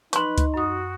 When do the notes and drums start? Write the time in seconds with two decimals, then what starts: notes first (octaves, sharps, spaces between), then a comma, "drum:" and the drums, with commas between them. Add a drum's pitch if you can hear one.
0.13 D#4 B4 C6 C#6, drum: hi-hat
0.38 drum: kick C#2, hi-hat
0.54 F#2 F#4 D#6